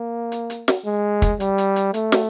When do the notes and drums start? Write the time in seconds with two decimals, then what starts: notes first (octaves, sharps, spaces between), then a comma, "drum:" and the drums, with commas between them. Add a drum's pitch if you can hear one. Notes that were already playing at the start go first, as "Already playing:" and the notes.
Already playing: A#3
0.32 drum: hi-hat
0.50 drum: hi-hat
0.68 drum: snare
0.86 G#3
1.22 drum: kick, hi-hat
1.40 G3, drum: hi-hat
1.58 drum: hi-hat
1.76 drum: hi-hat
1.94 A3, drum: hi-hat
2.12 drum: snare